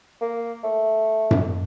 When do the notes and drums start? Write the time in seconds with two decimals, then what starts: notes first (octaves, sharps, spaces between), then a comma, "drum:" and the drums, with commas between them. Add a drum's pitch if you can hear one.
0.22 A#3
0.64 A3
1.31 drum: tom F#2